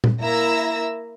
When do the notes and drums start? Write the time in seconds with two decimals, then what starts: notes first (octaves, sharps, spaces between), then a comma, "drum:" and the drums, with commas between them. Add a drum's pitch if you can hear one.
0.04 drum: tom A#2
0.21 A#3 E4 E5 A#5 E6 A#6